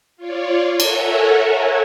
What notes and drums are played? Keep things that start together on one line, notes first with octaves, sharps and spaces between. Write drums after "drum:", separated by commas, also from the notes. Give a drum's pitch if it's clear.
F4 C#5 D5
A4 A#4 C#5 E5 F#5 G#5, drum: cymbal